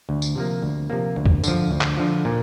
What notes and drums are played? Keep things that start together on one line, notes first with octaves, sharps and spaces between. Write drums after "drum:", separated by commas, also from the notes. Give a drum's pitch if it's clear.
D2
drum: tambourine
C3 F3 A#3
D2
C3 F3 A#3
D2
drum: kick C#2
D3 F3, drum: tambourine
D2
drum: clap
D3 F3
A#2